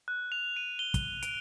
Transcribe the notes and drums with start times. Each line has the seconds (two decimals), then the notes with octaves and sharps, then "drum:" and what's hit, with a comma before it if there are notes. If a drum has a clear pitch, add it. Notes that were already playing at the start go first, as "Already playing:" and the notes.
0.08 F#6
0.32 F7
0.56 D#7
0.79 G7
0.94 G7, drum: kick, hi-hat
1.23 D7, drum: hi-hat